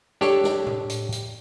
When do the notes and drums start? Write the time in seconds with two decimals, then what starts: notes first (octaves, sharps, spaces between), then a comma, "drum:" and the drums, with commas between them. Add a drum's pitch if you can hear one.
0.21 D4 G4 A4 C#5, drum: snare
0.44 drum: snare
0.67 drum: tom A2
0.90 drum: hi-hat
1.12 drum: hi-hat